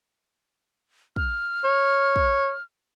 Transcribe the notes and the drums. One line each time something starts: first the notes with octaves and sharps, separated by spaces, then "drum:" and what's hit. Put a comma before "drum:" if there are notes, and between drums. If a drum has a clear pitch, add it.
F6, drum: kick
C#5
drum: kick